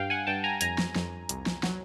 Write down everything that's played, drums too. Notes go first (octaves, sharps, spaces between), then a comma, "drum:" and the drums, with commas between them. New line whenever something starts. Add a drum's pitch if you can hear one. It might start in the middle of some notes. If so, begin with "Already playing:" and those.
Already playing: G2 F5 G5
F#5 G#5
G2 G5 A5
G#5 A#5
F2 G#5 A#5, drum: hi-hat
drum: snare
F2, drum: snare
C2, drum: hi-hat
drum: snare
F#3, drum: snare